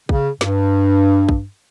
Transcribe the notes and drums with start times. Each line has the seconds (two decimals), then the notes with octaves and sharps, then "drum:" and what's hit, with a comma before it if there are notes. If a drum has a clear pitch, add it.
0.09 C#3, drum: kick
0.41 G2, drum: snare
1.29 drum: kick